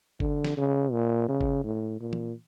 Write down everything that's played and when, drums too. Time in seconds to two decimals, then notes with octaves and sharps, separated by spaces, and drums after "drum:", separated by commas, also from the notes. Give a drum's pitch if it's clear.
0.20 D3, drum: kick G1
0.44 drum: snare
0.57 C#3
0.92 A#2
1.29 C#3
1.41 drum: kick G1
1.64 A2
2.01 A#2
2.13 drum: tom E3